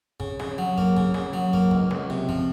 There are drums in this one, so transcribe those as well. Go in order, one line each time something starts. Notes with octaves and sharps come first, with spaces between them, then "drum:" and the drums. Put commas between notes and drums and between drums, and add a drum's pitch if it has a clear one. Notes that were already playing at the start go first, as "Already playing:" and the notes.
C#3, drum: kick
C#3, drum: snare
F#3
A#3, drum: kick
C#3, drum: kick
C#3, drum: snare
F#3
A#3, drum: kick
C#2, drum: kick
C#2, drum: snare
C3
F3, drum: kick